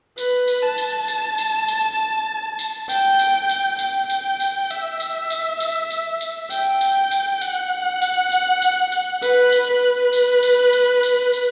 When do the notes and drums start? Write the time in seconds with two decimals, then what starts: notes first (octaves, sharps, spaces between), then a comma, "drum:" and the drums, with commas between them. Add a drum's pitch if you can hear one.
0.18 B4, drum: tambourine
0.48 drum: tambourine
0.63 A5
0.78 drum: tambourine
1.08 drum: tambourine
1.38 drum: tambourine
1.68 drum: tambourine
2.59 drum: tambourine
2.90 G5, drum: tambourine
3.19 drum: tambourine
3.49 drum: tambourine
3.79 G5, drum: tambourine
4.10 drum: tambourine
4.40 drum: tambourine
4.70 E5, drum: tambourine
5.00 drum: tambourine
5.30 drum: tambourine
5.60 drum: tambourine
5.91 drum: tambourine
6.21 drum: tambourine
6.50 G5, drum: tambourine
6.81 drum: tambourine
7.11 drum: tambourine
7.41 F#5, drum: tambourine
8.02 drum: tambourine
8.32 drum: tambourine
8.62 drum: tambourine
8.92 drum: tambourine
9.22 B4, drum: tambourine
9.52 drum: tambourine
9.67 B4
10.13 drum: tambourine
10.43 drum: tambourine
10.73 drum: tambourine
11.03 drum: tambourine
11.33 drum: tambourine